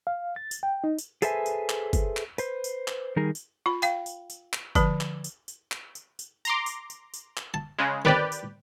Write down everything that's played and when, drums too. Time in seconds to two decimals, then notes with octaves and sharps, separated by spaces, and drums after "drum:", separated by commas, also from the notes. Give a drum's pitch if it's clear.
0.07 F5
0.36 A6
0.51 drum: tambourine
0.63 G5
0.84 D#4
0.98 drum: tambourine
1.22 G#4 A4 B4 C5 E5 G#5, drum: tambourine
1.46 drum: tambourine
1.69 drum: clap
1.93 drum: kick, tambourine
2.17 drum: clap
2.38 B4 C5, drum: tambourine
2.64 drum: tambourine
2.88 drum: clap
3.16 D#3 G3 D#4 G#4 A#4
3.35 drum: tambourine
3.66 F4 B5
3.82 F5 G5, drum: tambourine
4.06 drum: tambourine
4.30 drum: tambourine
4.53 drum: clap
4.75 D3 F3 B4 B5, drum: kick, tambourine
5.01 drum: clap
5.24 drum: tambourine
5.48 drum: tambourine
5.72 drum: clap
5.95 drum: tambourine
6.19 drum: tambourine
6.45 A#5 C6 D6, drum: tambourine
6.66 drum: tambourine
6.90 drum: tambourine
7.14 drum: tambourine
7.37 drum: clap
7.54 A5
7.79 C#3 G#3
8.05 D#3 C4 G4 B4 D5
8.32 drum: tambourine